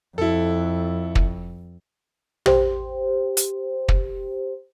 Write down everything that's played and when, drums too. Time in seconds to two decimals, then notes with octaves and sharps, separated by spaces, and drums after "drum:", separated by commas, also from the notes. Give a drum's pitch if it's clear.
0.18 F2 E4 A4
1.15 drum: kick
2.46 G4 C5, drum: tom
3.37 drum: hi-hat
3.89 drum: kick